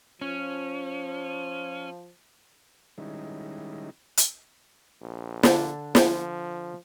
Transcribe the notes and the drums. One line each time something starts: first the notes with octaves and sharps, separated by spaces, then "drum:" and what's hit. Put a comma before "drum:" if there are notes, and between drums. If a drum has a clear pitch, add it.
F3 C#4
D#3 G3 G#3 C#4 D#4 E4
drum: hi-hat
A#1
D3 D4, drum: snare
F3, drum: snare